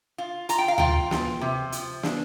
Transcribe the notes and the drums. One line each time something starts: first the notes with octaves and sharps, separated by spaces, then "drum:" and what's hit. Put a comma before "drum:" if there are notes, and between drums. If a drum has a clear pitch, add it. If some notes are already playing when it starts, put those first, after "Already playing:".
F4
F4 A#5, drum: hi-hat
G5
F5
F4 G5, drum: tom D2
F4, drum: snare
C3
F3, drum: hi-hat
D4, drum: snare